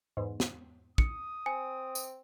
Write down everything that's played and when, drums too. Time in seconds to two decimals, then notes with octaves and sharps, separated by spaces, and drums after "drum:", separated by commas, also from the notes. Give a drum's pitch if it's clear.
0.17 E2 G#2
0.40 drum: snare
0.98 D#6 C#7, drum: kick
1.46 C4 G#5
1.95 drum: tambourine